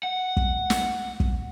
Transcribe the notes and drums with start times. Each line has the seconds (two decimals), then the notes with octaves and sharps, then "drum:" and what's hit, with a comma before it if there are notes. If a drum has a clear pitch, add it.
0.03 F#5
0.37 drum: kick
0.70 drum: snare
1.20 drum: kick